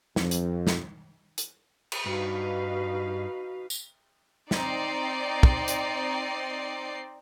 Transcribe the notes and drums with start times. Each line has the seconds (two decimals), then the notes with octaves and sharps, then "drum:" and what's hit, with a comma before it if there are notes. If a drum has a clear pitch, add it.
0.16 F2, drum: snare
0.31 drum: hi-hat
0.67 drum: snare
1.38 drum: hi-hat
1.92 drum: cymbal
2.06 G2 D#4 F#4 B4 F5
3.70 drum: tambourine
4.51 C4 D#4 D5 G5 C7, drum: snare
5.43 drum: kick
5.68 drum: hi-hat